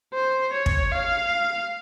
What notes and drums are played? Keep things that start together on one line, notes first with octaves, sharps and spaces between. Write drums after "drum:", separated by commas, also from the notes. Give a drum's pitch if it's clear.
C5
C#5
drum: kick
F5